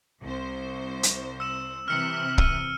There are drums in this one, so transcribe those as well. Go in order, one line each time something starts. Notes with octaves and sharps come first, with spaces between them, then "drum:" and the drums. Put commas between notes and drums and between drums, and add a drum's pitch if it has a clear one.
C2 C5
drum: hi-hat
E6 E7
C3 E3 F6 F#6 C#7
E6 F6 D#7, drum: kick